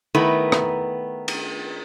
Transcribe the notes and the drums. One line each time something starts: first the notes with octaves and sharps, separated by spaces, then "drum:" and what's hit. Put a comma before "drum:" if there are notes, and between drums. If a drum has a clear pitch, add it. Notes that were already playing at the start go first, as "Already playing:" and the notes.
D#3 A3 B3 E4 A#4 B4
drum: rim click
drum: cymbal